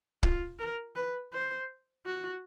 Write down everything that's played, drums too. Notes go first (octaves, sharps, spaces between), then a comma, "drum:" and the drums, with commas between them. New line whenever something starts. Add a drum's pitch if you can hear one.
F4, drum: kick
A#4
B4
C5
F#4